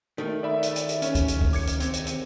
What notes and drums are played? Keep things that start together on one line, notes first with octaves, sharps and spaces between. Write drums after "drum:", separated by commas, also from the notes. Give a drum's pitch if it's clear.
D#3 A3
D5 E5 B5
drum: hi-hat
drum: hi-hat
drum: hi-hat
C#4, drum: hi-hat
drum: kick, hi-hat
drum: hi-hat
drum: kick
D6 G#6 C#7, drum: open hi-hat
drum: hi-hat
C4, drum: hi-hat
drum: hi-hat
drum: hi-hat